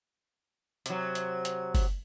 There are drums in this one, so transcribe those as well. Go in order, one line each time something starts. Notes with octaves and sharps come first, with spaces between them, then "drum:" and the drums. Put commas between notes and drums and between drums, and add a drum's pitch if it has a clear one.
C3 F#3, drum: hi-hat
drum: hi-hat
drum: hi-hat
drum: kick F#1, open hi-hat